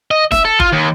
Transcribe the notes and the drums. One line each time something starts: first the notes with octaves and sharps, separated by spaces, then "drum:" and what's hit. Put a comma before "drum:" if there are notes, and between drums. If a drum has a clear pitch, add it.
D#5
E5, drum: snare E1
A4
F4, drum: kick G1
D#2